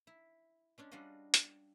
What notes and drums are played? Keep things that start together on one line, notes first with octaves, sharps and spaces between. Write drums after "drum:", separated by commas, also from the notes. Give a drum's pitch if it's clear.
E4
G#3 C#4 D4
G3 D4 F4 F#4 D#5
drum: hi-hat